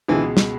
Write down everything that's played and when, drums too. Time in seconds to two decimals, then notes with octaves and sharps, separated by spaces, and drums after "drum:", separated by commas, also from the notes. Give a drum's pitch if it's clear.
0.08 C#2 B2 D3 E3 G#3
0.37 drum: snare